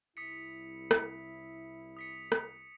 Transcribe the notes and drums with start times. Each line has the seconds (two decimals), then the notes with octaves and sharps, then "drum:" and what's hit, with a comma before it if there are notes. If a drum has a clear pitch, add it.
0.17 C2 E4 D#6 B6 C#7
0.91 drum: rim click
1.96 D#6 B6 C#7
2.32 drum: rim click